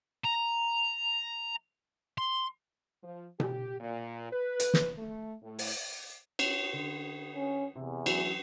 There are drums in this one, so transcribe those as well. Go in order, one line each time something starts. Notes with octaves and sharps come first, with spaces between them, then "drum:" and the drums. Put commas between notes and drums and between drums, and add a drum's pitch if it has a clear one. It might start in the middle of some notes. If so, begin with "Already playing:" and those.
A#5
C6
F3
G4, drum: tom B2
A#2
B4
drum: hi-hat
drum: snare
A3
A2
drum: open hi-hat
C#4 F4, drum: cymbal
D3
C#4
E2 C3
E3 F#3, drum: cymbal